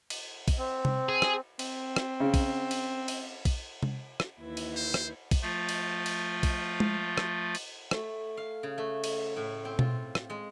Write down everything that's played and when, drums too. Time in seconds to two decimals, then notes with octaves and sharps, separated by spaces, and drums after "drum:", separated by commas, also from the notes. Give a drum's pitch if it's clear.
0.10 drum: cymbal
0.48 drum: kick, cymbal
0.58 C4
0.85 drum: tom C3
1.09 G#4
1.22 drum: rim click
1.59 C4, drum: cymbal
1.96 drum: rim click
2.20 C#3
2.34 drum: kick, cymbal
2.71 drum: cymbal
3.08 drum: cymbal
3.45 drum: kick, cymbal
3.83 drum: tom C3
4.20 drum: rim click
4.40 D#2 E3 E4
4.57 drum: cymbal
4.76 C5
4.94 drum: rim click
5.31 drum: kick, cymbal
5.42 F3 A3 F4
5.69 drum: cymbal
6.06 drum: cymbal
6.43 drum: kick, cymbal
6.80 drum: tom G#3
7.18 drum: rim click
7.55 drum: cymbal
7.91 A3, drum: rim click
8.37 F5
8.63 C#3
8.78 A3
9.04 drum: cymbal
9.36 A2
9.65 C4
9.79 F4, drum: tom B2
10.15 drum: rim click
10.30 G#3